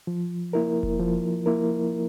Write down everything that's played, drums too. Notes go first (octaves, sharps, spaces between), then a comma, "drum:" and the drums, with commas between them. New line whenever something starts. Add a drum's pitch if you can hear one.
F3
A#3 E4 A#4
drum: kick E1
F3
A#3 E4 A#4